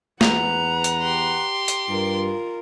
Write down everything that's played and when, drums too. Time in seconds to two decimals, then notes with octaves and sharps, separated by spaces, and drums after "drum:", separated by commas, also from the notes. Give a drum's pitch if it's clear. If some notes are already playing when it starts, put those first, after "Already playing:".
0.21 E2 B4 F#5 A#5, drum: snare
0.84 drum: hi-hat
1.03 G4 C6
1.68 drum: hi-hat
1.88 G2 F4 A#4